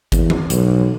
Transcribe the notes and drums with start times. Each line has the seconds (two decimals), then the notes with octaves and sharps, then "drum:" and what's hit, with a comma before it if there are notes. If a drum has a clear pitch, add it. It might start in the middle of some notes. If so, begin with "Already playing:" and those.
0.12 E2, drum: kick, hi-hat
0.30 drum: tom E3
0.50 B1, drum: hi-hat